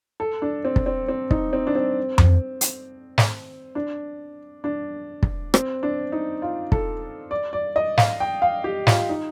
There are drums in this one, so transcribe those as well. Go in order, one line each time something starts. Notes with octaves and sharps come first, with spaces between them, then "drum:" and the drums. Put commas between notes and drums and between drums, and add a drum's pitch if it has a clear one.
A4
D4
C4
drum: kick
C4
C4
D#4, drum: kick
C4
D4
C4
drum: tom F2
drum: hi-hat
drum: snare
D4
D4
drum: kick
C4, drum: rim click
D4
D#4
F4
A4, drum: kick
D5
D5
D#5
F5, drum: snare
G5
F5
G4
F4, drum: snare
D#4